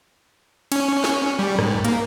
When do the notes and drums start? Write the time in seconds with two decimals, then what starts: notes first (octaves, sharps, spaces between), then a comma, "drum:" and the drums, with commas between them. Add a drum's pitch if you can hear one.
0.72 C#4, drum: cymbal
1.04 drum: snare
1.39 G3
1.59 G#2, drum: rim click
1.85 A#3, drum: hi-hat